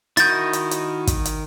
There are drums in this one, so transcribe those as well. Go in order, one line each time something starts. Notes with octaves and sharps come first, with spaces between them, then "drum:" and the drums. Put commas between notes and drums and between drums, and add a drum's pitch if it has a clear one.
D#3 E4 F#4 D#5 G6 A6, drum: hi-hat
drum: hi-hat
drum: hi-hat
drum: kick, hi-hat
drum: hi-hat